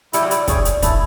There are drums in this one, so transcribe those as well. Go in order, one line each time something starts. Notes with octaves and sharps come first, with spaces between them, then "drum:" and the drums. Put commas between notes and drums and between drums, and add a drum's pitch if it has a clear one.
G3 E4, drum: hi-hat
F#3
G3, drum: hi-hat
G3 G#4 C#5, drum: kick, hi-hat
drum: hi-hat
A3 E4, drum: kick, hi-hat